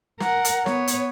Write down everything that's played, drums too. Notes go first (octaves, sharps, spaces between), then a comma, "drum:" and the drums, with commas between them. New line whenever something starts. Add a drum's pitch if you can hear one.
A#4 F#5, drum: snare
drum: hi-hat
B3 C#5, drum: snare
drum: hi-hat